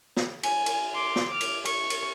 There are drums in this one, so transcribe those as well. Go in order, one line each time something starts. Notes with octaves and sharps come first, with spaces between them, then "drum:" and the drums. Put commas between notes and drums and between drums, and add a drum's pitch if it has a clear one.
drum: snare
G#5, drum: cymbal
drum: cymbal
C6 D6
drum: snare
D6 F6
drum: cymbal
C#6, drum: cymbal
drum: cymbal